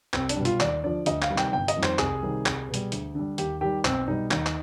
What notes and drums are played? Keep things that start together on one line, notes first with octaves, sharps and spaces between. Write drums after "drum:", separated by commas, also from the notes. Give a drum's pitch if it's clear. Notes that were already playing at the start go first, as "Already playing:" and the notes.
C2 C4, drum: clap
D4, drum: hi-hat
B2 G3
F4, drum: hi-hat
D#2 D5, drum: clap
D3 F3 D5
D2 D#5, drum: hi-hat
F5, drum: clap
C3 D#3 G3
G5, drum: clap
G1 G5
D#5, drum: hi-hat
F2 D#3 G3
C5, drum: clap
C2 G#4, drum: clap
C3 D#3 G3
C2, drum: clap
B2
G3, drum: hi-hat
D2, drum: hi-hat
D3 G3
D#2 G4, drum: hi-hat
D#3 G3 G4
B1 C4, drum: clap
B2 G3 D#4
D#2 D#4, drum: clap
drum: clap